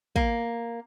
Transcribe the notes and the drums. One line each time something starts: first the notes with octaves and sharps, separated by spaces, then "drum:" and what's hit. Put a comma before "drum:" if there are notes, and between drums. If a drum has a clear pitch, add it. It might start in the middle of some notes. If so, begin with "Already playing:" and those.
A#3, drum: kick